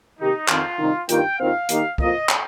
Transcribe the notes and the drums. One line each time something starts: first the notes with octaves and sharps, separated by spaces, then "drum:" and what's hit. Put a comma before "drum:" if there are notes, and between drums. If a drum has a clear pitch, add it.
C3 D#3 A#3 D#4 G4
F2 D#3 C4 F4, drum: clap
C3 D#3 G3 D#4
G2 D#3 G3 A#3 F4 G5, drum: hi-hat
D#2 D#3 C4 F4 F5
D#3 A#3 D#4 G4, drum: hi-hat
F2 F3 A#3 F4 D#5, drum: kick
drum: clap